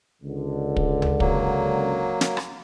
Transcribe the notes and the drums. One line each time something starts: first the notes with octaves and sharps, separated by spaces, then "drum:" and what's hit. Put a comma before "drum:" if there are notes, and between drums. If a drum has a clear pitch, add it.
C#2 D3
drum: kick
drum: tom C#2
F#3 A#3, drum: kick
drum: snare
drum: rim click